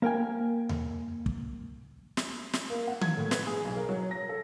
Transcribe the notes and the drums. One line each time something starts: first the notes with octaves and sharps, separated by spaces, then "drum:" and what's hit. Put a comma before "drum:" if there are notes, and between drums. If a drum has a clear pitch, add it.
A#3 A#4 G5 G#5
drum: tom D#2
drum: kick
drum: snare
drum: snare
A#3
F#5
G#6, drum: tom D#3
A2
B4, drum: snare
G#4
B1
A#4
F#3
A#6
A4